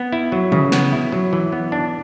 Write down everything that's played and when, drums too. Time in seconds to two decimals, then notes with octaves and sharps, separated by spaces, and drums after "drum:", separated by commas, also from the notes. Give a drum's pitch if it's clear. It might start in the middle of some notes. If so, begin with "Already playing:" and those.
Already playing: B3
0.12 E4
0.32 F#3
0.52 C#3, drum: tom C#3
0.72 B3, drum: snare
0.92 E4
1.12 F#3
1.33 E3
1.52 B3
1.72 D4